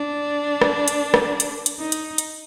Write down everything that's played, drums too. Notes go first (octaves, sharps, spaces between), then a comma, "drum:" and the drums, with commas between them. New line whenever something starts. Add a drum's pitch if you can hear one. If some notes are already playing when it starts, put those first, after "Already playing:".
Already playing: D4
drum: rim click
drum: hi-hat
drum: rim click
drum: hi-hat
drum: hi-hat
D#4
drum: hi-hat
drum: hi-hat